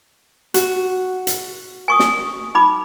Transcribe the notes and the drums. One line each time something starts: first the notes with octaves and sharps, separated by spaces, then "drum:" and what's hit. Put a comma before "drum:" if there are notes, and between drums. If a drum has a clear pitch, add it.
F#4, drum: hi-hat
drum: hi-hat
G#5 C#6 D#6
drum: snare
D#4 B5 D6